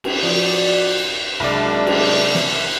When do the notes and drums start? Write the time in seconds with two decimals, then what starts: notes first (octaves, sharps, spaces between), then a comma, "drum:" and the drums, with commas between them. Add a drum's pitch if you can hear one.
0.04 drum: cymbal
0.23 F3 F#4 D5
1.40 C2 F#3 G#3 D4 D5
1.86 drum: cymbal
2.35 drum: snare